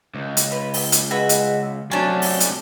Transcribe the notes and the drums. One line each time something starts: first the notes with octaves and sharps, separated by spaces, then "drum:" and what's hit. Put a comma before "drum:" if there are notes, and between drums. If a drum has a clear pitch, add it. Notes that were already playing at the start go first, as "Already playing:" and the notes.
C#2
drum: hi-hat
B4
drum: open hi-hat
drum: hi-hat
G#3 F#4 B4 E5
drum: hi-hat
C3 F#3 A3 C#4 D4
drum: open hi-hat
drum: hi-hat